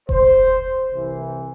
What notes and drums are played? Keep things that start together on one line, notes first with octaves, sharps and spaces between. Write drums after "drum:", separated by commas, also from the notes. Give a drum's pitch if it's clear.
C5, drum: kick F1
C2 C3 E3